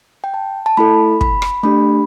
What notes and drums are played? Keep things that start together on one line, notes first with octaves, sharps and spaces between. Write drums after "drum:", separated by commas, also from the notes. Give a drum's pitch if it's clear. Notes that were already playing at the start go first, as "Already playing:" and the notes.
G5
A5
A5
A3 E4 A4 B5
B5, drum: kick
drum: rim click
A3 D4 G4 B5